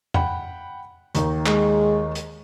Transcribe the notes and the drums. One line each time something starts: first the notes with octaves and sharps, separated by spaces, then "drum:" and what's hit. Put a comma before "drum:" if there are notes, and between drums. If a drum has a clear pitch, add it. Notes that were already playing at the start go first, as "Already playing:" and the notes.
F#5 G5 B5, drum: tom E2
D#2 D#3 D#4, drum: hi-hat
G#3, drum: clap
drum: hi-hat